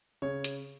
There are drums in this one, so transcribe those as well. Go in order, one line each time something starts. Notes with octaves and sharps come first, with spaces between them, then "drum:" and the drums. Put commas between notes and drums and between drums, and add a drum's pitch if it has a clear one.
C#3 C#5
drum: hi-hat